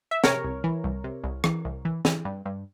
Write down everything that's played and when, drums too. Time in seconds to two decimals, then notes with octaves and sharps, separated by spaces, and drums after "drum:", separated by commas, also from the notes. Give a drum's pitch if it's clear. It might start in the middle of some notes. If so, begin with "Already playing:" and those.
0.11 E5
0.24 C3 A#4 C#5, drum: snare
0.44 C2
0.64 E3
0.84 C2
1.04 C3
1.24 C2
1.44 E3, drum: rim click
1.65 C2
1.85 E3
2.05 E3, drum: snare
2.25 G2
2.45 G2